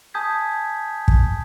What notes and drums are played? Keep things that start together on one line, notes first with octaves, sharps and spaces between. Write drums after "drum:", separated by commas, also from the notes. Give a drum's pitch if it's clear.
G#5 A5 D#6 G6 G#6 B6
drum: kick